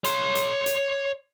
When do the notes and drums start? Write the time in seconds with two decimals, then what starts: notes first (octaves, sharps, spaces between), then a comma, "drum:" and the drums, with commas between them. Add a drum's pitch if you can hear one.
0.04 C#5 C6, drum: hi-hat
0.35 drum: hi-hat
0.66 drum: hi-hat